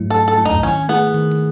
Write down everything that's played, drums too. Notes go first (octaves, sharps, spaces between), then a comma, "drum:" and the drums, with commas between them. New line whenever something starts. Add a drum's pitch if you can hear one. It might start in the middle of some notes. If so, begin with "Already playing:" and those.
Already playing: G#2 F#3 A3 E4
G#2 A4, drum: hi-hat
A4, drum: hi-hat
F#3 A3 E4
D#4, drum: kick, hi-hat
D#3 C#4
A3 B3 E4 G#4
D#3, drum: hi-hat
drum: hi-hat